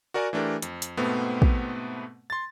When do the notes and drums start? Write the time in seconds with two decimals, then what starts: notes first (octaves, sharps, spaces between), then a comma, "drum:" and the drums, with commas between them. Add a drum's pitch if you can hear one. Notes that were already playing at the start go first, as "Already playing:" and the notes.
0.14 F#4 A#4 D5 F#5 G#5
0.33 E3 A3 D4 G4 A#4
0.62 F2, drum: hi-hat
0.82 drum: hi-hat
0.97 G#2 B2 A3 B3 C4
1.42 drum: kick
2.30 C6 A6